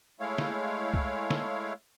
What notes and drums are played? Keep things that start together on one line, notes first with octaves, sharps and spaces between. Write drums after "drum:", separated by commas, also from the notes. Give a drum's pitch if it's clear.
G#3 A3 E4 C#5 F5
drum: snare
drum: kick
drum: snare